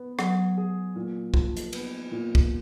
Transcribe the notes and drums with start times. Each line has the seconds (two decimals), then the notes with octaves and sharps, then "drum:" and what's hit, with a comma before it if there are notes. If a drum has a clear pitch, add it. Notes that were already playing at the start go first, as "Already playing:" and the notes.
Already playing: B3
0.19 F#3 G#4, drum: rim click
0.58 G#4
0.96 A#2
1.34 F3, drum: kick
1.57 drum: hi-hat
1.73 B3, drum: cymbal
2.11 A#2
2.35 drum: kick